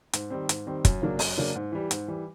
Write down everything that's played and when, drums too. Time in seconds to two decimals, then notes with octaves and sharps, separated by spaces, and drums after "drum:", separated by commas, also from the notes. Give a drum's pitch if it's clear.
0.13 G#2, drum: hi-hat
0.30 D#3 G3 C4
0.49 G#2, drum: hi-hat
0.67 D#3 G3 C4
0.85 F#2, drum: kick, hi-hat
1.02 C#3 F#3 A#3 D4
1.19 F#2, drum: open hi-hat
1.38 C#3 F#3 A#3 D4
1.55 G#2
1.72 E3 G3
1.91 G#2, drum: hi-hat
2.08 E3 G3